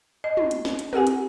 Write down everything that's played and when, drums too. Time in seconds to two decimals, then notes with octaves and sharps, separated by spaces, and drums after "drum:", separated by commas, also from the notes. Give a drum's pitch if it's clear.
0.24 D#5
0.37 drum: tom
0.51 drum: hi-hat
0.65 drum: snare
0.79 drum: hi-hat
0.93 C4 G4 F#5 G#5, drum: tom
1.07 drum: hi-hat